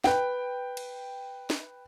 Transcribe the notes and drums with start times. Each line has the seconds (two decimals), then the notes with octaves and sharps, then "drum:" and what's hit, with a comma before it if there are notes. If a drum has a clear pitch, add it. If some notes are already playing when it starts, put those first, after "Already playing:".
0.04 B4 G5, drum: snare
0.77 drum: cymbal
1.50 drum: snare